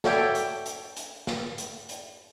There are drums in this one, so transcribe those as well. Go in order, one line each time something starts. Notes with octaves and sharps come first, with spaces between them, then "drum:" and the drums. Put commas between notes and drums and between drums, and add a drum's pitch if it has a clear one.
F#4 A4 C#5 D5 E5 G5, drum: snare
drum: hi-hat
drum: hi-hat
drum: hi-hat
drum: snare
drum: hi-hat
drum: hi-hat